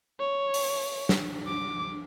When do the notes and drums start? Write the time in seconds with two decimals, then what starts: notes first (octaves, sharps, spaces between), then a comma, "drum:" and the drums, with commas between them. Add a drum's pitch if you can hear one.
0.20 C#5
0.54 drum: open hi-hat
1.09 drum: snare
1.47 D6